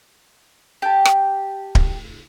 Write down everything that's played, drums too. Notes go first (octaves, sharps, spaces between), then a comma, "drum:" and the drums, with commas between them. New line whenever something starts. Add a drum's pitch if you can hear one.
G4 A5
drum: rim click
drum: kick D1